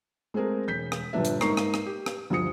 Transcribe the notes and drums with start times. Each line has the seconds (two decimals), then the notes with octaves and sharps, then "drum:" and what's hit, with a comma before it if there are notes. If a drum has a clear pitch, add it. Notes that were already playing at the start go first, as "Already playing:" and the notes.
0.34 G#3 A3 C4 G#4 A#4
0.67 E1 G6 B6
0.92 drum: rim click
1.13 G1 A#2 G3 D4 B4 E5
1.25 drum: hi-hat
1.41 G#2 A#3 D#4 A#4 C#6 C7, drum: rim click
1.57 drum: rim click
1.74 drum: rim click
1.86 G4
2.06 drum: rim click
2.30 D2 G2 F3 D#6 C#7